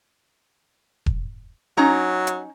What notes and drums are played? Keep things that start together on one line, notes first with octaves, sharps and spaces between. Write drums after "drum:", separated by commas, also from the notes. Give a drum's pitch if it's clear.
drum: kick E1
F#3 C#4 D#4 A#5
drum: hi-hat